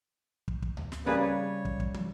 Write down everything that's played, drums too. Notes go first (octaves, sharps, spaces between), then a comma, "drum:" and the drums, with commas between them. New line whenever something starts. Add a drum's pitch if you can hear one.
drum: kick
drum: kick
drum: tom C#2
drum: snare
C#3 G3 A#3 G#4 B4
C#5
drum: kick
drum: kick
drum: tom